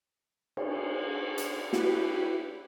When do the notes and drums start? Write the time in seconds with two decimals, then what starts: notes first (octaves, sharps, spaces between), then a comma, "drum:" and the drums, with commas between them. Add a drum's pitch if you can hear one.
0.57 drum: cymbal
1.38 drum: hi-hat
1.73 E4 F#4 G4 B4, drum: snare